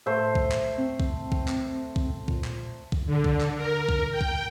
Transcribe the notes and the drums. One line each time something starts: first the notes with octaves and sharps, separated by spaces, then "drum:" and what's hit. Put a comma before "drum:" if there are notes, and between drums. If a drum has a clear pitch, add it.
A2 A3 C5 E5
drum: kick B1
drum: clap
C4
drum: kick B1
drum: kick B1
drum: clap
drum: kick B1
A#2, drum: kick B1
drum: clap
drum: kick B1
D3
drum: kick B1
drum: clap
A#4
drum: kick B1
G5
drum: kick B1